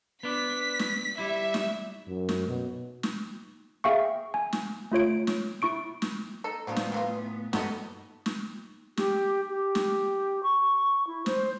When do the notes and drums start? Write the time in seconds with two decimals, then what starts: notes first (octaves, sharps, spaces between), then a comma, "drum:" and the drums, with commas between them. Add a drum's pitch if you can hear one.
0.23 B3 D4 B6
0.79 drum: snare
1.18 G3 E4 E5
1.54 drum: snare
2.08 F#2
2.29 drum: snare
2.47 B2
3.03 drum: snare
3.84 G#4 E5 F5 G5 C#6
4.34 G#5
4.53 drum: snare
4.91 A3 F4 C#5 D7
5.27 drum: snare
5.62 E4 C#6 D7
6.02 drum: snare
6.44 D#4 A4
6.67 A2 F3 F#3 B3 D4
6.76 drum: snare
6.92 E3 A#3 F4
7.53 G2 G3 B3 F#4 A4 D#5, drum: snare
8.26 drum: snare
8.97 G4, drum: snare
9.50 G4
9.75 drum: snare
10.43 C#6
11.07 E4
11.26 C5, drum: snare